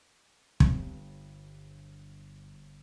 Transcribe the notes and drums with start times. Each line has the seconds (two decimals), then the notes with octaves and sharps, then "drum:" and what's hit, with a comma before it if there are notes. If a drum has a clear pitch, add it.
0.60 G1 G2, drum: kick